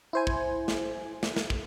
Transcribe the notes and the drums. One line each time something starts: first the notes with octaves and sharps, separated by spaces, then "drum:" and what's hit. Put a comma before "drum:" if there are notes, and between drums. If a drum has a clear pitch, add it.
E4 C5 G#5
drum: kick
drum: snare
drum: snare
drum: snare
drum: kick